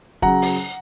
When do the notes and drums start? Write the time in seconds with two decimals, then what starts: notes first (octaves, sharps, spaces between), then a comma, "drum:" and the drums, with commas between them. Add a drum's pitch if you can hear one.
0.22 C#3 F#3 F#5 A#5, drum: kick
0.42 drum: open hi-hat